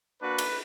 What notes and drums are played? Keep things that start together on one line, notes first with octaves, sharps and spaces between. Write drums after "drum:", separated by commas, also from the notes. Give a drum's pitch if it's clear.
A#3 D4 F#4 B4
drum: cymbal